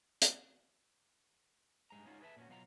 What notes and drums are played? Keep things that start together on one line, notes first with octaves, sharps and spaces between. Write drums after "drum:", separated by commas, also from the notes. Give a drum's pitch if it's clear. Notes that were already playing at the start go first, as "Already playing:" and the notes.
drum: hi-hat
G2 G#3 A#5
G#3 C#4 D#4 F4 F#4
G#4 A4 B4 D5 E5 A5
A#2 C#4 F#4
B2 F#3 F4 F5 F#5 A#5